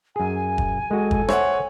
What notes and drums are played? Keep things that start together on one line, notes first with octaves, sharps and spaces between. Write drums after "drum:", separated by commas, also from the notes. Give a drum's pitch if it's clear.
F#2 G#4 G#5
drum: kick
G#3 F#4 A4
drum: kick
C5 C#5 E5 F#5, drum: rim click